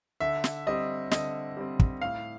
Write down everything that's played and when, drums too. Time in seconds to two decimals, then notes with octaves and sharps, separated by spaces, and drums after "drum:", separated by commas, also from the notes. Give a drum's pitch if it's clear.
0.20 D3 E5
0.44 drum: snare
0.67 G3 C4 D#5
1.11 D3 D#5, drum: snare
1.57 G3 C4
1.79 drum: kick
2.02 A2 F5